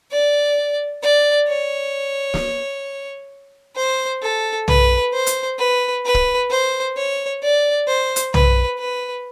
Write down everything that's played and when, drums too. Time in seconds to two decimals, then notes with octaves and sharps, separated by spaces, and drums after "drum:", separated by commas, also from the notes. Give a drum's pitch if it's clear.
0.11 D5
1.02 D5
1.48 C#5
2.34 drum: snare
3.76 C5
4.23 A4
4.68 B4, drum: tom
5.13 C5
5.27 drum: hi-hat
5.59 B4
6.05 B4
6.14 drum: kick
6.50 C5
6.97 C#5
7.42 D5
7.87 C5
8.16 drum: hi-hat
8.34 B4, drum: tom
8.79 B4